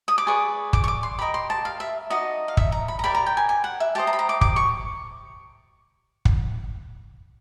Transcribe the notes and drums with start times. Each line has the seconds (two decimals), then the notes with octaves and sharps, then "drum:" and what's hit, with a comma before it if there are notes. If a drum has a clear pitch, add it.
0.08 D#6
0.18 D6
0.27 G#4 B4 D5 C#6
0.73 D6, drum: kick
0.84 C#6
0.88 D6
1.03 C6
1.18 G4 A#4 D#5 B5
1.34 C6
1.50 A5
1.65 F5
1.80 E5
2.10 D#4 F#4 A4 D5 D#5
2.48 F5
2.57 E5, drum: kick
2.72 A#5
2.88 B5
2.99 A#5
3.04 G4 A#4 D5 B5
3.15 A#5
3.26 G5
3.37 G#5
3.49 G#5
3.64 F#5
3.80 E5
3.95 G4 C5 D#5 A5
4.07 A#5
4.13 B5
4.19 A#5
4.29 D6
4.41 D6, drum: kick
4.56 C#6
6.25 drum: kick